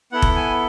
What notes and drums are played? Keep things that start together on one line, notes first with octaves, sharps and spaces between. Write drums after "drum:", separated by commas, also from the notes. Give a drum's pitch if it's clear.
B3 E4 A4 F#5
drum: kick F1
G#5